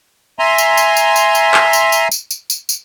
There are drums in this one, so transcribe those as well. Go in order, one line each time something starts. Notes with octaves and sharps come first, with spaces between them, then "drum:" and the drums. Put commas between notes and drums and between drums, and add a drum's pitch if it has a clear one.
E5 G#5 A#5 C6
drum: tambourine
drum: tambourine
drum: tambourine
drum: tambourine
drum: tambourine
drum: clap
drum: tambourine
drum: tambourine
drum: tambourine
drum: tambourine
drum: tambourine
drum: tambourine